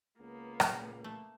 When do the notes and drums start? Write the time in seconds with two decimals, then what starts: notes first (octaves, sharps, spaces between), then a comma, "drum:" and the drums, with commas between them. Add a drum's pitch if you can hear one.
0.20 C#2 A#3 B3
0.60 A#2, drum: rim click
1.04 A3